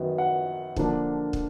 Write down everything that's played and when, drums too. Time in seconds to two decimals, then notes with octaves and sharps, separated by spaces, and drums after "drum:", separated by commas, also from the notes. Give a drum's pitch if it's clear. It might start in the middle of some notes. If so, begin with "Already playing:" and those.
Already playing: F#2 D#3 F#3 B3
0.18 F#5
0.76 D3 F3 A#3 D4, drum: kick
1.33 drum: kick